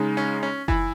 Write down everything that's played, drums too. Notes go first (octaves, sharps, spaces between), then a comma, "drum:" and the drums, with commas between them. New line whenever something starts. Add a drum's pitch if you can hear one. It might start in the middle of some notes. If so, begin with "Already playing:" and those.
Already playing: C#3 G#3 D#4
C#4
C#4
E3 E4, drum: kick F#1